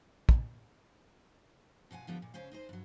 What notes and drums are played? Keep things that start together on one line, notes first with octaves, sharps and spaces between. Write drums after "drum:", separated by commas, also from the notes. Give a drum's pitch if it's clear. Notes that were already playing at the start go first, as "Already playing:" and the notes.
drum: kick
B2 F4 F#5 G#5
D3 F3 G3 B3
A#2
C#3 C#4 C5 F5
D#4 G#4 C5
G2 F#3